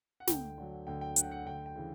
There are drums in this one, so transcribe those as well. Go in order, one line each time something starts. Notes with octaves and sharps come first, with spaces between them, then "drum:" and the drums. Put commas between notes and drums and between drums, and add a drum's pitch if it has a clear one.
F#5
D2 G5, drum: snare
D3 F#3
D2 G5
G5
D3 F#3 F#5, drum: hi-hat
G5
F#5
D2 G5
G5
C#3 E3